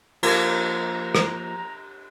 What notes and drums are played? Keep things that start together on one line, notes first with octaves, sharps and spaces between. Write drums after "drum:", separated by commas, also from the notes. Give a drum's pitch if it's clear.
F3 A#3 A#5, drum: cymbal
drum: rim click